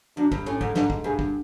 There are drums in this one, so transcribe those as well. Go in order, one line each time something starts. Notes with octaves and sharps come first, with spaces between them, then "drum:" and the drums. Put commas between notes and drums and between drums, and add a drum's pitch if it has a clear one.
F#2 D4
G2, drum: kick
A2 C#4
G#2, drum: kick
G#2 D4, drum: snare
drum: kick
G2 G#4
drum: kick